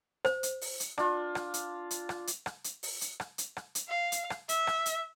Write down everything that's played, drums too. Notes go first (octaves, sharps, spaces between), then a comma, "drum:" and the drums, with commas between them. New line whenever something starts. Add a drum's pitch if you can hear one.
C5, drum: rim click
drum: hi-hat
drum: open hi-hat
drum: hi-hat
D4 F4, drum: rim click
drum: rim click
drum: hi-hat
drum: hi-hat
drum: rim click
drum: hi-hat
drum: rim click
drum: hi-hat
drum: open hi-hat
drum: hi-hat
drum: rim click
drum: hi-hat
drum: rim click
drum: hi-hat
F5
drum: hi-hat
drum: rim click
E5, drum: hi-hat
drum: rim click
drum: hi-hat